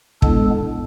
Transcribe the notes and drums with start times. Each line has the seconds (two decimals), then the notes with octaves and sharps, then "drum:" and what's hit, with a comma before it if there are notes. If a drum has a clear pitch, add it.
0.22 A2 G#3 B3 D4 A4, drum: kick